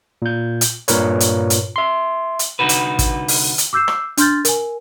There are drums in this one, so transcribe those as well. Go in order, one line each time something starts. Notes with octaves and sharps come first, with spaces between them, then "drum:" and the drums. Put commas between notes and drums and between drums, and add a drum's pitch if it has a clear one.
A#2 G6
drum: hi-hat
G2 A#2 A#4 B4 C#5, drum: hi-hat
drum: hi-hat
drum: hi-hat
E5 C6
drum: hi-hat
C2 F2 D3 D#4 F#4 B4
drum: hi-hat
drum: kick, hi-hat
drum: open hi-hat
drum: hi-hat
D6 E6 G6 C7 E7
drum: rim click
D4 C6 F6 G6 A6, drum: hi-hat
A#4 G#5, drum: hi-hat